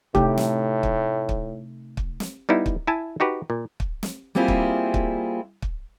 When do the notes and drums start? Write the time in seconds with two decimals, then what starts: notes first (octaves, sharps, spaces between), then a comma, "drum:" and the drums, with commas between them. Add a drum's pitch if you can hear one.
0.15 A2 C3 A3 D#4 G4, drum: kick
0.37 drum: snare
0.83 drum: kick
1.29 drum: kick
1.97 drum: kick
2.20 drum: snare
2.49 G3 B3 D#4 E4
2.66 drum: kick
2.87 E4 E5 G#5 A5
3.20 D#4 F#4 G4 B4
3.50 A#2
3.80 drum: kick
4.03 drum: snare
4.35 G3 A#3 C4 E4 F4 G#4
4.48 drum: kick
4.94 drum: kick
5.62 drum: kick